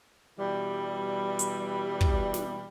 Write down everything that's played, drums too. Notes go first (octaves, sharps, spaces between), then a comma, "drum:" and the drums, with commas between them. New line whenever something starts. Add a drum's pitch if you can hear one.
B2 E3 G3
drum: hi-hat
drum: kick
drum: snare